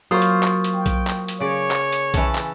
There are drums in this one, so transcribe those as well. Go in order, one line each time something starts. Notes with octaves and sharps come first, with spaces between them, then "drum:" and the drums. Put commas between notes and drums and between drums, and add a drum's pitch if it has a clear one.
F#3 A#3 F4 C5 C#6 D#6
drum: hi-hat
drum: clap
drum: hi-hat
G5
drum: kick B1, hi-hat
drum: clap
drum: hi-hat
C#3 C#5 D5
drum: clap
drum: hi-hat
E3 C#4 A5, drum: kick B1, hi-hat
drum: clap